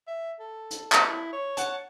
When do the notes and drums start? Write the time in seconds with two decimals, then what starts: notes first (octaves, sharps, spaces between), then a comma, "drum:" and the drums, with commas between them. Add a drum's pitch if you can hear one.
0.07 E5
0.39 A4
0.71 drum: hi-hat
0.92 drum: clap
1.08 E4
1.33 C#5
1.57 F#5 A5, drum: hi-hat